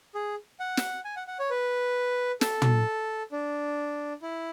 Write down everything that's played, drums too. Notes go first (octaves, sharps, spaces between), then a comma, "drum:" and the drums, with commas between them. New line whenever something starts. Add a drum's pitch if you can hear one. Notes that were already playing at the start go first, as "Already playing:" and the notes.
G#4
F#5
drum: snare
G#5
F#5
F#5
C#5
B4
A4, drum: snare
drum: tom
D4
E4